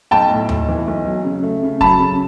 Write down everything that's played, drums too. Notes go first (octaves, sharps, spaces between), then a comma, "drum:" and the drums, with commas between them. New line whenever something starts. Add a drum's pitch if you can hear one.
B1 G5 A5
A2
B1, drum: tom D#2
E3
B1
F#3
C#3
A3
C#3
F#3 A5 B5, drum: kick
C#3